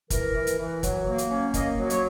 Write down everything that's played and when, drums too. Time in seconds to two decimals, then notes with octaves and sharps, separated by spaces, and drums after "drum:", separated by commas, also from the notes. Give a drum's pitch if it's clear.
0.10 E3 A#4, drum: kick, hi-hat
0.35 E3
0.47 drum: hi-hat
0.59 E3
0.83 F#3, drum: kick, hi-hat
1.07 A#3
1.18 drum: hi-hat
1.31 C#4
1.54 A#3 D#5, drum: kick, hi-hat
1.78 F#3
1.90 C#5, drum: hi-hat